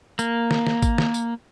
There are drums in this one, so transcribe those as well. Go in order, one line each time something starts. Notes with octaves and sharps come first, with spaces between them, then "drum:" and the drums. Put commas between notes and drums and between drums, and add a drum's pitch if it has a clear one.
A#3, drum: tambourine
drum: snare
drum: snare
drum: kick, tambourine
drum: snare
drum: tambourine